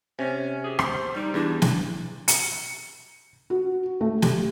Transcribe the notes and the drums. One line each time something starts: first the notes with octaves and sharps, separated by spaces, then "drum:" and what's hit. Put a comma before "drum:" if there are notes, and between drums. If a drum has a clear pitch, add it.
C3 C#4
F#3 G4 G#4
A4 C5, drum: rim click
G3 D#4
E2 D4
drum: snare
C#7, drum: hi-hat
F#4
A3
G4, drum: snare